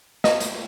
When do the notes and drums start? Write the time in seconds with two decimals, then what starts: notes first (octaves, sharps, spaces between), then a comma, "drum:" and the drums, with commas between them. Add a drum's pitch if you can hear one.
0.24 D#5, drum: snare
0.40 drum: hi-hat